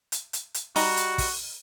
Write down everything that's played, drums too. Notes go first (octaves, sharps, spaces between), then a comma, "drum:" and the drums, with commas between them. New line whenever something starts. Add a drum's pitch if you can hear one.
drum: hi-hat
drum: hi-hat
drum: hi-hat
G3 D#4 F#4 A#5, drum: open hi-hat
drum: hi-hat
drum: kick, open hi-hat